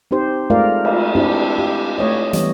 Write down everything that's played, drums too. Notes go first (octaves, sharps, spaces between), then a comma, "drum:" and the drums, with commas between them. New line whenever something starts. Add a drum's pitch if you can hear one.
C4 D#4 G4 C5
G#3 A3 F4 A#4 D5 F5
drum: cymbal
C4 D4 E4 G4
G4
A3 C#5 D#5
E3 G3 B3 C#5 D#5, drum: hi-hat